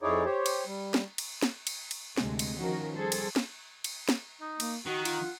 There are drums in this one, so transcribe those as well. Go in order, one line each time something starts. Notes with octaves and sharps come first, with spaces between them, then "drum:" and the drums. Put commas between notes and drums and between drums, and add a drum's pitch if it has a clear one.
F2 D#4 E4 G#4 C#5 D5
G4 C5 C#5
drum: cymbal
G3
drum: snare
drum: cymbal
drum: snare
drum: cymbal
drum: cymbal
D2 C3 G#3, drum: snare
drum: cymbal
D#3 F3 C#4 F#4 A#4
G3 G#4 A4 C5
drum: cymbal
drum: snare
drum: cymbal
drum: snare
D#4
A#3, drum: cymbal
D#3 F#4 F#5
F4, drum: cymbal